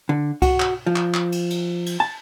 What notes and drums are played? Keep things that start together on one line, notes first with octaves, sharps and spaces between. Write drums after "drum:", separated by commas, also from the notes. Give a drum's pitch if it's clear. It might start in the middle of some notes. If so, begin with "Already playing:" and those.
D3
F#4, drum: kick C2, cymbal
drum: clap
F3
drum: clap
drum: clap
drum: cymbal
drum: cymbal
drum: cymbal
A5